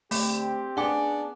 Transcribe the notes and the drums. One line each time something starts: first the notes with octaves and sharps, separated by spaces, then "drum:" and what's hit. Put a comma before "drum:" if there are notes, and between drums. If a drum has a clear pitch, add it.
D2 A3 C4 G4, drum: open hi-hat
B3 C#4 D4 G#4 F#5 G#5 D6